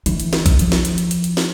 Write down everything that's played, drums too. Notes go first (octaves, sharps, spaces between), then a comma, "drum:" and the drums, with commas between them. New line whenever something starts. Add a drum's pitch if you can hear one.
E3, drum: hi-hat
drum: hi-hat
drum: snare
drum: kick B1, hi-hat
F3, drum: hi-hat
drum: snare
drum: hi-hat
drum: hi-hat
drum: hi-hat
drum: hi-hat
drum: snare